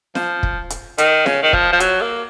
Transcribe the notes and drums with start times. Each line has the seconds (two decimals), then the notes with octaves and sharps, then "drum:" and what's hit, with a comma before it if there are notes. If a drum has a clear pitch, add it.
0.15 F3, drum: snare
0.43 drum: kick
0.70 drum: hi-hat
0.98 D#3, drum: hi-hat
1.26 C#3, drum: snare
1.42 D#3
1.53 F3, drum: kick
1.72 F3
1.80 F#3, drum: hi-hat
2.01 A#3